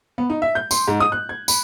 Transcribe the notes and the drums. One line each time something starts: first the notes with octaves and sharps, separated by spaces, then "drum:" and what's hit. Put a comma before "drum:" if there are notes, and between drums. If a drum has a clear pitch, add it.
B3
D#4
E5
G6
C6, drum: tambourine
G#2
D#6
F#6
G#6
B5, drum: tambourine